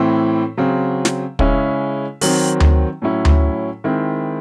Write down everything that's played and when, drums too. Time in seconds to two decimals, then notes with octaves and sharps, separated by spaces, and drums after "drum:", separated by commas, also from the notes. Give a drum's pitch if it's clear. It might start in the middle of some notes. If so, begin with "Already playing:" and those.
Already playing: A2 E3 C4 E4
0.57 C#3 F#3 C4
1.05 drum: snare
1.39 C#3 G#3 C#4 E4, drum: kick
2.21 D#3 F#3 C4, drum: open hi-hat
2.60 drum: tom D2
3.02 A2 F#3 C#4 E4
3.25 drum: tom D2
3.84 D#3 G#3 C4 E4